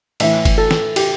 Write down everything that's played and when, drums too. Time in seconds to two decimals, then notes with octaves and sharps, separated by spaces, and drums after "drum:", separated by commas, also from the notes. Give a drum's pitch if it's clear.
0.20 A2 E3 E5, drum: cymbal
0.45 drum: kick G1, cymbal
0.58 A4
0.71 drum: snare
0.96 G4, drum: cymbal